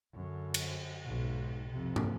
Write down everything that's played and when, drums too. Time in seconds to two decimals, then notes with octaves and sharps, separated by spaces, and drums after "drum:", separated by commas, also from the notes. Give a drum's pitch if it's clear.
0.14 F#2 D3
0.54 drum: cymbal
1.05 B1 G#2
1.69 F2 C3
1.96 drum: tom